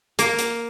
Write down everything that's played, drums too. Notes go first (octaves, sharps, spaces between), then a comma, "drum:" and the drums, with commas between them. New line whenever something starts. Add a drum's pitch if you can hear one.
A#3, drum: hi-hat
drum: hi-hat